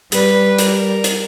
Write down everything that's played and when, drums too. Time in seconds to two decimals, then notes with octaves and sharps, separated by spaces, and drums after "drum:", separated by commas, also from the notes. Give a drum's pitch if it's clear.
0.12 G3 B4, drum: hi-hat
0.59 A#4, drum: hi-hat
1.04 drum: hi-hat